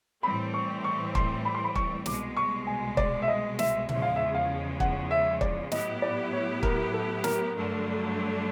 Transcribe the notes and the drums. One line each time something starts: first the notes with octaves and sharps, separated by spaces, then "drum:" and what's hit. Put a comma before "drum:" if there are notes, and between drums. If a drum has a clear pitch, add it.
A2 E3 G3 C4 B5
C#6
C#6
C6, drum: kick
B5
C6
B5
C#6, drum: kick
C2 B2 G#3 D6, drum: snare
C#6
G#5
D5, drum: kick
E5
D#5
E5, drum: snare
E2 C#3 F3 G#3 E5, drum: tom A#2
F5
E5
F5
F#5, drum: kick
E5
D5, drum: kick
A2 F#3 B3 E4 G4 D#5, drum: snare
D5
C#5
A#4, drum: kick
A4
A#4, drum: snare
G2 D3 F#3 A3 D4